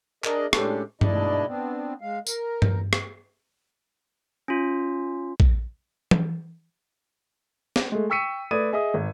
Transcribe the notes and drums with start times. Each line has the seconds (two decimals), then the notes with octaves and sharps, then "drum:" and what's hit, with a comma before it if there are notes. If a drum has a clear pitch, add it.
0.24 D4 G#4 A#4 D5 D#5, drum: clap
0.53 A2 G#3 C#4 D4 G4 A4, drum: rim click
1.01 G#2 B2 D4 E4 D5 D#5, drum: tom G2
1.46 B3 C4 D4
2.01 G#3 F5
2.27 A#4, drum: tambourine
2.62 drum: tom G2
2.93 drum: rim click
4.48 C#4 F4
5.40 drum: kick
6.11 drum: tom
7.76 drum: snare
7.92 G#3 A3
8.10 G5 C#6 E6 B6 C#7 D#7
8.51 A3 B4 D5 D#6 G#6 D#7
8.73 G#4 D#5 E5 D#6
8.94 G#1